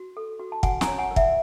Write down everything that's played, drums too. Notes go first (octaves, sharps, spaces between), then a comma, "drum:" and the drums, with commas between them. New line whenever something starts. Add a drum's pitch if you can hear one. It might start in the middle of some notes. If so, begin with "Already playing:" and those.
Already playing: F#4
A4
F#4
A5
F#4 F#5 G#5, drum: kick
G#5 A#5, drum: snare
C#5
F#5 G#5
A#4
E5 F#5, drum: kick